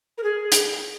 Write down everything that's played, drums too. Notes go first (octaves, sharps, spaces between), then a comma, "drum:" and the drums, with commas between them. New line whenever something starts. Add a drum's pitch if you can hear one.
A#4
G#4
drum: hi-hat